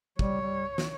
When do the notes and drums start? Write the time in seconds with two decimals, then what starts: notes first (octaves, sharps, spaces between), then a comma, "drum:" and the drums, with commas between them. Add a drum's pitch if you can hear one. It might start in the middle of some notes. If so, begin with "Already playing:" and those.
0.19 G3 C#5, drum: kick
0.41 G3
0.78 drum: snare